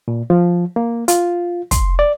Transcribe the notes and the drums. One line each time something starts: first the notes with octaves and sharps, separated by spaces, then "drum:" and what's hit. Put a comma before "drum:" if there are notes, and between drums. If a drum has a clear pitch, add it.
A#2
F3
A#3
F4, drum: hi-hat
C6, drum: kick, hi-hat
D5